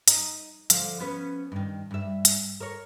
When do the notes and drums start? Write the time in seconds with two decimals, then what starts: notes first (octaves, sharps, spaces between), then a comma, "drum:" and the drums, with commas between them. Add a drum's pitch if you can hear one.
0.08 D#4, drum: hi-hat
0.70 D3 F3 F5, drum: hi-hat
1.00 B3 C#4 B4
1.52 G2 D#3
1.91 G2 E5
2.25 drum: hi-hat
2.60 A#4 C#5